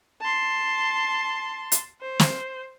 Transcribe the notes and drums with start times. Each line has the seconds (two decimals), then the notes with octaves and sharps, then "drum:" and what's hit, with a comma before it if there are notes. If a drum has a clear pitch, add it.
0.21 A5 C6
1.72 drum: hi-hat
2.01 C5
2.19 drum: snare